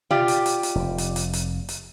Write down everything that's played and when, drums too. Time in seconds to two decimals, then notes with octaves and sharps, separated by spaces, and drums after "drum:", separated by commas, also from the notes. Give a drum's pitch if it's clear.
0.10 F4 G4 D5, drum: tom B2
0.28 drum: hi-hat
0.46 drum: hi-hat
0.63 drum: hi-hat
0.75 F1
0.98 drum: hi-hat
1.16 drum: hi-hat
1.33 drum: hi-hat
1.69 drum: hi-hat